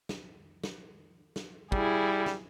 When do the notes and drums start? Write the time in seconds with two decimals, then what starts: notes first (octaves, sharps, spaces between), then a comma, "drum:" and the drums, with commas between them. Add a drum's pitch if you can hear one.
0.09 drum: snare
0.64 drum: snare
1.36 drum: snare
1.72 G3 E4 G#4, drum: kick
2.26 drum: snare